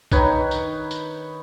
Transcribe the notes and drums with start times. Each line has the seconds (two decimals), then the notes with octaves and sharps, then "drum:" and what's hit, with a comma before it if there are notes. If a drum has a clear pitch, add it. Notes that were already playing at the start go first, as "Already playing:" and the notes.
0.12 D#3 D#4 B4 C#5, drum: kick B1, tambourine
0.51 drum: tambourine
0.91 drum: tambourine